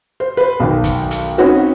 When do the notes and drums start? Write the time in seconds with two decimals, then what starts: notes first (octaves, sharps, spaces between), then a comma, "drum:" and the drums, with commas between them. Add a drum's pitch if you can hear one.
0.20 C5
0.37 B4 C5
0.60 B1 D#3
0.84 drum: kick, hi-hat
1.11 drum: hi-hat
1.38 C4 C#4 D#4 F#4 B4